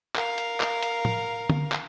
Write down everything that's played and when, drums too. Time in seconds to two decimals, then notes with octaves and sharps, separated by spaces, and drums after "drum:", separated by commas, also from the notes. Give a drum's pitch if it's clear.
0.16 A#4 F5, drum: clap
0.38 drum: hi-hat
0.60 drum: clap
0.83 drum: hi-hat
1.05 drum: tom
1.50 drum: tom D3
1.72 drum: clap